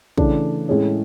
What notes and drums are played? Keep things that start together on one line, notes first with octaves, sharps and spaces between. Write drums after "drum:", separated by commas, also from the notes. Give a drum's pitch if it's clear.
C#3 E3 A3 D4, drum: kick
A2 G#3 C#4 G#4